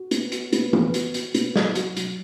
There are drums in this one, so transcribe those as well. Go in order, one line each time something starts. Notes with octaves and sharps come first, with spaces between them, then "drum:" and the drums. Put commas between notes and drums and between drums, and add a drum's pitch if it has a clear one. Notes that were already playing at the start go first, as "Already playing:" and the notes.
Already playing: F#4
B3, drum: hi-hat
F#4, drum: hi-hat
B3, drum: hi-hat
B3, drum: tom
F#4, drum: hi-hat
F#4, drum: hi-hat
B3, drum: hi-hat
F#3, drum: snare
F#4, drum: hi-hat
F#3, drum: hi-hat